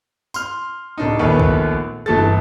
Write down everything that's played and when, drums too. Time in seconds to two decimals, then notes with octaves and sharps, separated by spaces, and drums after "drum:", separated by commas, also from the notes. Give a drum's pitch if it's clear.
0.34 C6 F6, drum: tambourine
0.98 D1 D4 D#4
1.19 A#1 D#2 A3 B3 B4 C#6
1.39 drum: kick
2.06 G1 E3 A3 A4 A6, drum: tom